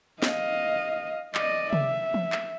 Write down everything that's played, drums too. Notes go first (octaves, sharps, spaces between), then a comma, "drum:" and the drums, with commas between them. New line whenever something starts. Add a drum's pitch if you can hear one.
D#5 F5, drum: snare
D5 D#5, drum: clap
E5, drum: tom
drum: tom E3
drum: clap